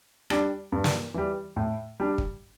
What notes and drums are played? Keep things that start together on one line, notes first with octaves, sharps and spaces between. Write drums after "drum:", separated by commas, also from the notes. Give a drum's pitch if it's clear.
G3 D4, drum: rim click
G2
drum: snare
E3 G3
A2
G3 D4
drum: kick